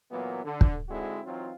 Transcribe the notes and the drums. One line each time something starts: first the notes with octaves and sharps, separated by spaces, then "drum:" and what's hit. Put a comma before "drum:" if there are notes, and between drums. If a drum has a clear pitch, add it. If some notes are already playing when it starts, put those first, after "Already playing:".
A#2 E3 F#3 A#3 B3
D3
drum: kick
G#2 D3 G#3 C4 E4 F#4
E3 F#3 C4 D#4 F4